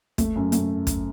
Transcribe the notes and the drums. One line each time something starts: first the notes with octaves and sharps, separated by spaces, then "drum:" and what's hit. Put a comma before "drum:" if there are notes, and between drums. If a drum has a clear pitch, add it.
A3, drum: kick, hi-hat
F#2
A3, drum: hi-hat
drum: kick, hi-hat